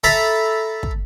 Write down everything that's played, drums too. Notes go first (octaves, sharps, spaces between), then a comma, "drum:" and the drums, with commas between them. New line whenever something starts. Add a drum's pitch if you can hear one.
A4 E5 A#5 B5
drum: kick